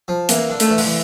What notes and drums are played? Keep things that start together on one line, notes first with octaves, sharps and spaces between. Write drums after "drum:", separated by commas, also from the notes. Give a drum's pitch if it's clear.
F3
E3 A#3, drum: hi-hat
D3
A3, drum: hi-hat
E3
D3, drum: open hi-hat
E3